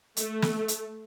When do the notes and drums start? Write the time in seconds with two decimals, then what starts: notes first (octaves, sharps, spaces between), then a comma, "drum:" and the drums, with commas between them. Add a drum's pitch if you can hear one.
0.17 A3, drum: hi-hat
0.42 drum: snare
0.68 drum: hi-hat